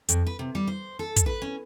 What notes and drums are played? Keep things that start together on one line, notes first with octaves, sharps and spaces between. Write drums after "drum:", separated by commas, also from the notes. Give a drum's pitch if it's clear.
F2, drum: hi-hat
B4
C3
G3
C5
A4
drum: kick, hi-hat
B4
C#4